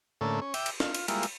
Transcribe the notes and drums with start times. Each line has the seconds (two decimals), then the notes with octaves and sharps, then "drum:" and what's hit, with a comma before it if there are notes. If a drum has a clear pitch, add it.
0.21 A2 D3 A3 A#3 C#4
0.42 C#4
0.54 E5 G5 D6, drum: cymbal
0.66 drum: cymbal
0.80 F4, drum: snare
0.94 drum: cymbal
1.08 G3 G#3 A#3 E4 F4, drum: cymbal
1.23 drum: cymbal